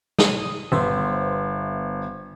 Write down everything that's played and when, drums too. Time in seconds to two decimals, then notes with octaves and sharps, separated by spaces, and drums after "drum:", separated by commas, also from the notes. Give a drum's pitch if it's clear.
0.19 D#6, drum: snare
0.72 G1 B3 C5 E5